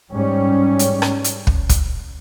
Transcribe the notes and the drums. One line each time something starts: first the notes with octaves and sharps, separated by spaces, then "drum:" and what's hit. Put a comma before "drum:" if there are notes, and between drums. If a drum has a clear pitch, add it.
G#2 G3 C#4
drum: hi-hat
drum: rim click
drum: hi-hat
drum: kick
drum: kick, hi-hat